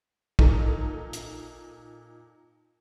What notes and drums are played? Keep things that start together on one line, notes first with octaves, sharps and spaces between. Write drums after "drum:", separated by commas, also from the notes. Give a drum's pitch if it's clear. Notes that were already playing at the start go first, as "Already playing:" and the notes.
A#2 D#4 A4, drum: kick
drum: hi-hat